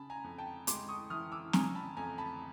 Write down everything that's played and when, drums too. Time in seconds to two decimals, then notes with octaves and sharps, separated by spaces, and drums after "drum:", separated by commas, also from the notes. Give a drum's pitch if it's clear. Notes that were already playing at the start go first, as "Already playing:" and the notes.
Already playing: C#3 A5 B5
0.10 G#5 A#5
0.24 F2
0.38 G5 A5
0.67 G#3 C6 D6, drum: hi-hat
0.89 C#6 D#6
1.10 E3 D#6 F6
1.32 D6 E6
1.53 C#3 G#5 A#5, drum: snare
1.75 A5 B5
1.97 F2 G#5 A#5
2.18 A5 B5